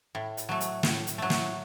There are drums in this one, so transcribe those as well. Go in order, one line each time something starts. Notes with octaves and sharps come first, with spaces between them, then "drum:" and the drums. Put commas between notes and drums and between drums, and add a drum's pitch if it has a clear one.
A2
drum: hi-hat
F#3 A3
drum: hi-hat
A2, drum: snare
drum: hi-hat
F#3 A3
drum: snare